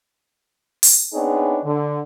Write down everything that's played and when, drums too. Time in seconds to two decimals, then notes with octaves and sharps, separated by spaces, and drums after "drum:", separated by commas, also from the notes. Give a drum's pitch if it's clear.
0.83 drum: open hi-hat
1.13 B3 C4 D4 D#4 G#4 C#5
1.64 D3